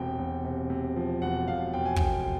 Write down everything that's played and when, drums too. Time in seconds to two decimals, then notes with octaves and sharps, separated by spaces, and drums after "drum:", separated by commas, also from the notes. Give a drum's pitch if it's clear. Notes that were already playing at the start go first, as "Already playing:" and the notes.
Already playing: E1 C3 G5
0.18 E1
0.44 C3
0.70 C3
0.96 F3
1.22 E1 F#5
1.48 E1 F5
1.74 E1 G5
1.86 G#5
1.96 E1 G5, drum: kick